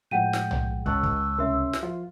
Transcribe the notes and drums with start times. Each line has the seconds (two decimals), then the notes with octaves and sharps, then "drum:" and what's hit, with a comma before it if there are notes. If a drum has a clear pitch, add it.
0.11 A2 F3 G#3 F#5 G5 G6 D#7
0.33 drum: snare
0.51 drum: tom
0.86 C#2 A5 C#6 E6 F#6, drum: kick
1.03 drum: kick
1.38 C2 C#4 A#4 E5 C6
1.73 drum: snare
1.83 F3 F4